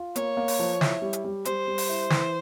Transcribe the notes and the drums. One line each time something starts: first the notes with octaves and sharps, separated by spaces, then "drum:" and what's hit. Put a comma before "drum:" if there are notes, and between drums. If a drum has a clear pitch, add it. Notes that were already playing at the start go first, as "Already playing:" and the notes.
Already playing: F4
A#3 C#5, drum: hi-hat
A#3
drum: open hi-hat
F3
E4, drum: snare
G3
drum: hi-hat
G3
G3 C5, drum: hi-hat
G3
drum: open hi-hat
E4
E3, drum: snare